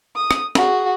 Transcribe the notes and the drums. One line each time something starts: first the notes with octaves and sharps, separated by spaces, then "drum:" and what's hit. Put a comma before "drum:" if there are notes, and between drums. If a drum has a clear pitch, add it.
D#6
drum: rim click
F#4 G#4, drum: snare